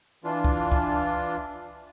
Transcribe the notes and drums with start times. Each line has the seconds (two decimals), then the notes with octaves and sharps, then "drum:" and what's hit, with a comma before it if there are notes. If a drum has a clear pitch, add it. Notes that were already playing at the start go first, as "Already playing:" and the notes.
0.24 E3 D4 F4
0.44 drum: kick C#2
0.72 drum: kick C#2